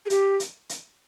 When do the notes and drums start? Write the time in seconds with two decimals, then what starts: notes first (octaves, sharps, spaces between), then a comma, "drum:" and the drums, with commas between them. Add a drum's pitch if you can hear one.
0.06 G#4
0.10 G4, drum: hi-hat
0.40 drum: hi-hat
0.69 drum: hi-hat